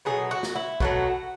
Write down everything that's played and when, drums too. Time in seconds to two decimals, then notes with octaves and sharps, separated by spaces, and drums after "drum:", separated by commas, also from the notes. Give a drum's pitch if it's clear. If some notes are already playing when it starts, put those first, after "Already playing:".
0.05 B2 F#3 A3 G#4
0.31 F#4
0.43 drum: snare
0.56 E4
0.80 B2 F#3 A3 F#4, drum: kick